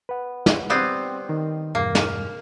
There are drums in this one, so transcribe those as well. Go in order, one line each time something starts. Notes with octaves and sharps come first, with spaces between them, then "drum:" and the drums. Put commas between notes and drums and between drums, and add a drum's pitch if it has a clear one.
B4 F#5
drum: snare
G3 B3 C4
D#3
E2 G2 B2 A#3
drum: snare